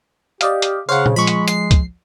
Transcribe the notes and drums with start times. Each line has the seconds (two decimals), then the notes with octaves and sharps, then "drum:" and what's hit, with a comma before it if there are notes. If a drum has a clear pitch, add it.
0.41 G4 D5 D#5 F5, drum: hi-hat
0.62 drum: hi-hat
0.89 C#3 C5 C#5 F5 F#5
1.06 drum: tom A#2
1.16 F3 G#3 B5 C#6
1.27 drum: hi-hat
1.48 C7, drum: hi-hat
1.71 drum: kick, hi-hat